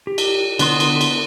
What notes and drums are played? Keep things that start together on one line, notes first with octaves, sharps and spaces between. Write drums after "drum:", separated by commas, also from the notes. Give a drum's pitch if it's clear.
G4
drum: cymbal
D3 B3 C6 D#6, drum: cymbal
drum: cymbal
drum: cymbal